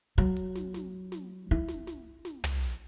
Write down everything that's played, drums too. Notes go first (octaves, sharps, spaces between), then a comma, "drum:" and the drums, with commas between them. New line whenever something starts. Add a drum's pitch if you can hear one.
F#3
drum: hi-hat
drum: snare
drum: snare
drum: snare
E4
drum: snare
drum: snare
drum: snare
drum: tom
drum: hi-hat